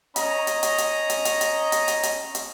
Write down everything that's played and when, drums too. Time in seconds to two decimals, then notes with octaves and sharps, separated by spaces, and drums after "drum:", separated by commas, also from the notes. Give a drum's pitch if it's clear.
0.16 C#4 D#5 A#5, drum: hi-hat
0.47 drum: hi-hat
0.63 drum: hi-hat
0.78 drum: hi-hat
1.10 drum: hi-hat
1.25 drum: hi-hat
1.41 drum: hi-hat
1.72 drum: hi-hat
1.88 drum: hi-hat
2.03 drum: hi-hat
2.35 drum: hi-hat